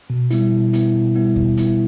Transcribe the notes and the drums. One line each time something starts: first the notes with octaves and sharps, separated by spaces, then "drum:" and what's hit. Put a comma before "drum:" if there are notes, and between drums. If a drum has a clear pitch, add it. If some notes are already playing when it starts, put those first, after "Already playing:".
B2
G3 B3 E4, drum: hi-hat
B2
G3 B3 E4, drum: hi-hat
B2
G3 B3 E4
B2, drum: kick D#2
G3 B3 E4, drum: hi-hat